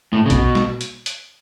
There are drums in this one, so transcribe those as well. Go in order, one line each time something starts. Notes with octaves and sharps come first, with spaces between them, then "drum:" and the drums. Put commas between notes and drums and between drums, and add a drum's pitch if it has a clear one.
A2
C#3
B2, drum: kick A#1, hi-hat
drum: snare
drum: hi-hat
drum: hi-hat